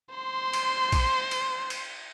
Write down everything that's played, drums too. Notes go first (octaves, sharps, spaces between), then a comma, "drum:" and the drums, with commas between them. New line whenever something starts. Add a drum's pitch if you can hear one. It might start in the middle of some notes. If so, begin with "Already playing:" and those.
C5 C6
drum: cymbal
drum: kick, cymbal
drum: cymbal
drum: cymbal